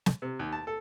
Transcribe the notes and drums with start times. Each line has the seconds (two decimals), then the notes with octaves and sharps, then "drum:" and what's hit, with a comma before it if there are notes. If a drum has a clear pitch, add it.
0.06 drum: snare
0.22 C3
0.39 D#2
0.52 A5
0.67 A4